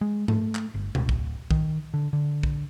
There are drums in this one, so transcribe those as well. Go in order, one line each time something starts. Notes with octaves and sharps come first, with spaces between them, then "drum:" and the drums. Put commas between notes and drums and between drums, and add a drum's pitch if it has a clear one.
G#3
A3, drum: tom G#2
drum: clap
G1
D1, drum: tom B2
drum: kick
D#3, drum: kick
D3
D3
drum: kick